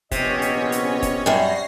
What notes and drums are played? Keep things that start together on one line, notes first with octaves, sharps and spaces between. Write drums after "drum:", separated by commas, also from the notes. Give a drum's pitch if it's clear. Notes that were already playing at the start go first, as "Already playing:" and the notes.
A#1 C3 B3 C#4 C#5 D#5, drum: kick F#1, hi-hat
drum: hi-hat
drum: hi-hat
drum: kick F#1, hi-hat
F#2 G3 A#6 C7